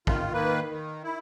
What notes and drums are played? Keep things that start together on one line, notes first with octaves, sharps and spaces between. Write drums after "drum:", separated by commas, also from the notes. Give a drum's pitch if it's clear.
D#3 F4, drum: kick
D#3 A#3 B4
D#3
E4